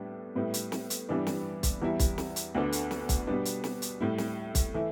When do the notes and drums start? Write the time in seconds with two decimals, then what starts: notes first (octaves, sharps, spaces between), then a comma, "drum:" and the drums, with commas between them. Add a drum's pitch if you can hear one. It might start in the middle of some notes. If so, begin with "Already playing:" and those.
Already playing: A2 G3 B3 D4
0.35 A2 G3 B3 E4
0.54 drum: hi-hat
0.72 drum: snare
0.90 drum: hi-hat
1.09 G2 E3 G3 B3 D4
1.27 drum: snare
1.63 drum: kick, hi-hat
1.81 E2 E3 G3 E4
2.00 drum: kick, hi-hat
2.18 drum: snare
2.36 drum: hi-hat
2.55 D2 D3 B3 D4
2.72 drum: hi-hat
2.91 drum: snare
3.09 drum: kick, hi-hat
3.27 B2 G3 B3 D4
3.45 drum: hi-hat
3.64 drum: snare
3.82 drum: hi-hat
4.01 A2 G3 E4
4.18 drum: snare
4.55 drum: kick, hi-hat
4.74 E3 A3 E4